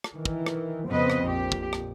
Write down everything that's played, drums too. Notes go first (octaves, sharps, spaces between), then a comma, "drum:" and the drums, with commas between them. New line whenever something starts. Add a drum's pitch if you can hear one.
drum: rim click
D#3 E3
drum: kick
drum: rim click
F2 C#3 B3 C4 B4 D#5
drum: rim click
A#1 F2 G4
drum: kick
drum: rim click